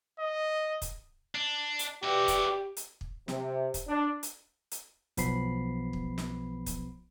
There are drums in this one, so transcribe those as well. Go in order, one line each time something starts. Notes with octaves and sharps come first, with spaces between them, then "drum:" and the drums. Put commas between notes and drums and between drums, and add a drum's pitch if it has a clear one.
D#5
drum: kick, hi-hat
D4
drum: hi-hat
E4 F#4 G4 B4 D5 D6
drum: kick, hi-hat
drum: hi-hat
drum: kick
C3, drum: snare
drum: kick, hi-hat
D4
drum: hi-hat
drum: hi-hat
B1 F3 B3 B5 C7, drum: kick, hi-hat
drum: kick
drum: snare
drum: kick, hi-hat